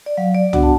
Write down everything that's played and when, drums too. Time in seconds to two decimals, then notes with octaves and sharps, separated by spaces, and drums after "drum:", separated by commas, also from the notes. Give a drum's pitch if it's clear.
0.06 D5
0.17 F#3 F5
0.35 D5
0.53 B3 D4 F#4 F#5, drum: tom
0.63 A5